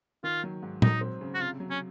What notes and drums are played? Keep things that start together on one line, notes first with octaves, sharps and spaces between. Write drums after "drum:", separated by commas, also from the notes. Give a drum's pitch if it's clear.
D#3 F4
F#3
G#2
F#3 D#4, drum: tom
C4
C#3
F#4
C3 F4
F#3
C#4